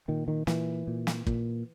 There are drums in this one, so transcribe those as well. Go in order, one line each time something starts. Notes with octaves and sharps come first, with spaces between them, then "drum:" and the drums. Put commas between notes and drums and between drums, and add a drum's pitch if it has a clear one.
A#2 D#3
D#3
A#2 E3, drum: snare
A#2
drum: snare
A#2, drum: kick